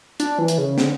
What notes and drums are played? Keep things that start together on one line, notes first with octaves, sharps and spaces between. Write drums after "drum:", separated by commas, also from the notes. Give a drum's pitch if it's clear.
D4, drum: hi-hat
E3
drum: hi-hat
C#3
D3, drum: snare